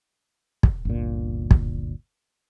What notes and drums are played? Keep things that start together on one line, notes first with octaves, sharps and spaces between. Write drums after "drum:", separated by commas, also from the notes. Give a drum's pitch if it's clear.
drum: kick
G1 D2 A#2
drum: kick